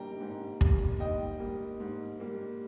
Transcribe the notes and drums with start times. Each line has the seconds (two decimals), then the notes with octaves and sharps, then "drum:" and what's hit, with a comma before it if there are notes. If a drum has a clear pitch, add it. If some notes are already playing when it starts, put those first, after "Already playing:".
Already playing: G3 A#3 G5 A#5
0.21 G#2
0.61 G3 A#3, drum: kick
1.00 G#2 D#5 G5
1.39 G3 A#3
1.80 G#2
2.20 G3 A#3